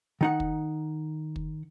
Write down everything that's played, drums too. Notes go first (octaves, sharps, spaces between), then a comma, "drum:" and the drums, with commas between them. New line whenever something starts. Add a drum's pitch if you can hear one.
D#3 D#4 F#5
drum: kick
drum: kick